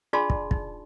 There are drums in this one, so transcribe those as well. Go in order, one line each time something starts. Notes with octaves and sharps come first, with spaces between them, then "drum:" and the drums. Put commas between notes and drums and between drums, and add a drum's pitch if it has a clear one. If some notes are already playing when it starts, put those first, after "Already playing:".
D4 F4 G#4 D5 A5 C6
drum: kick
D#4, drum: kick